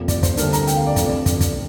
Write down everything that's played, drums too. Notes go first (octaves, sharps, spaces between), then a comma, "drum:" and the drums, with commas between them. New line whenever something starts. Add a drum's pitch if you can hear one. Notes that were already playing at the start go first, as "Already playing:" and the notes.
Already playing: F1 F2 C3 A#3 F4
D5, drum: kick, hi-hat
C5, drum: kick, hi-hat
D2 D3 G3 D4 A#4, drum: hi-hat
A#5, drum: hi-hat
G5, drum: hi-hat
F5
D5
F1 F2 D3, drum: kick, hi-hat
D5
D5
drum: kick, hi-hat
drum: kick, hi-hat